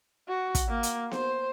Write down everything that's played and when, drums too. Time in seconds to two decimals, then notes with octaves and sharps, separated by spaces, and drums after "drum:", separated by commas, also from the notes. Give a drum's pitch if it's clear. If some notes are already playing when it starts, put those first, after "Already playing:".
0.29 F#4
0.55 drum: kick, hi-hat
0.69 A#3
0.83 drum: hi-hat
1.11 C5, drum: snare B3